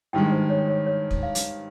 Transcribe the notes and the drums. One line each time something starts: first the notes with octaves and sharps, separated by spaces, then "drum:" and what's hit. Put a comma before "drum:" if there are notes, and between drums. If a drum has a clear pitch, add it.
G#1 G2 D#3 G#3 G5
C5
C#5
C#5
C#5
drum: kick
F5
drum: hi-hat